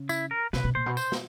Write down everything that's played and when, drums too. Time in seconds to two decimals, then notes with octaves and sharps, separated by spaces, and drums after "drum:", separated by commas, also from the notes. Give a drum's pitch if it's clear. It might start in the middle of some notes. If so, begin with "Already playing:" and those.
Already playing: C#3
0.09 E4, drum: tambourine
0.31 A#4
0.53 C3 B4, drum: snare
0.64 B2
0.75 A#2 C5
0.86 B2
0.97 C5, drum: tambourine
1.12 drum: snare